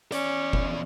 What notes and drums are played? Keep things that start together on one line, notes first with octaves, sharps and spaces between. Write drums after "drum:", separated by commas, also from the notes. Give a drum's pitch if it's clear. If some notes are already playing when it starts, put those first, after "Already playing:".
E2 C#4 D5, drum: hi-hat
drum: kick F1